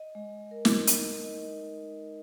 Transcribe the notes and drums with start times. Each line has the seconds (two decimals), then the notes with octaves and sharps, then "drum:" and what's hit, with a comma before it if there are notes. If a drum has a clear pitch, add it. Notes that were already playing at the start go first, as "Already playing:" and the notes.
Already playing: D#5
0.15 G#3
0.51 A#4
0.65 drum: snare
0.87 D#4, drum: hi-hat
1.24 D#5